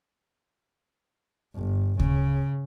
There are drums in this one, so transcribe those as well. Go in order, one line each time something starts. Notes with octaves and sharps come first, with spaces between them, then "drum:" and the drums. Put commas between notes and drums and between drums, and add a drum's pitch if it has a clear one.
G1
C#3, drum: kick D2